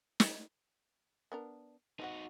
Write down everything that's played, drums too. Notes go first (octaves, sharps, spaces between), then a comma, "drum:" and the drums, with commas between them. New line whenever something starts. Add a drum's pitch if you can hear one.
drum: snare
B3 D4 A#4
D#4 F#4 C5 D#5 F#5